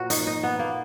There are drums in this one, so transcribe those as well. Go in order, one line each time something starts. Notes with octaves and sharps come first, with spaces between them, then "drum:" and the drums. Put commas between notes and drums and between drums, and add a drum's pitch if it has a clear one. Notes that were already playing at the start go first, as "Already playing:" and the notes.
Already playing: A#2 F3 F#4 A#4
D#4, drum: hi-hat
D#4
B3
A#3